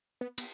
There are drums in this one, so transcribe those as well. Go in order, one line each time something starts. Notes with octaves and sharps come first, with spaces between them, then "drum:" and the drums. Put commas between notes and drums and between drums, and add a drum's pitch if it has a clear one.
B3
B3, drum: cymbal